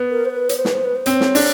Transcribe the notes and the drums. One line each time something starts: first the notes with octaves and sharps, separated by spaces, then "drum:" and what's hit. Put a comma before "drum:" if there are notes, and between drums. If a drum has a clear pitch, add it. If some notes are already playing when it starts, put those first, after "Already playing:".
Already playing: B3
A#4
C5
B4
C#5, drum: hi-hat
C5
B4, drum: snare
C5
B4
C5
C4 C#5, drum: hi-hat
drum: snare
D4, drum: open hi-hat